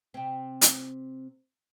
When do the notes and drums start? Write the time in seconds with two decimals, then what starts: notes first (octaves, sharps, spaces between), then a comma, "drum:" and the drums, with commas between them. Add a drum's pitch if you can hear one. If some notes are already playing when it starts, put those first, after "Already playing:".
0.14 C3 C4
0.61 drum: hi-hat